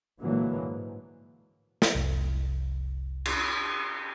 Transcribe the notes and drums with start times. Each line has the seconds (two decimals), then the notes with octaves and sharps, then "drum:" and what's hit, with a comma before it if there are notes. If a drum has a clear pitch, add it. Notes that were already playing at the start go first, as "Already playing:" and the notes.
0.22 A#2 D3 E3 F#3 G#3 A#3
0.63 G#2
1.82 drum: snare
1.95 F1 C2
3.25 drum: cymbal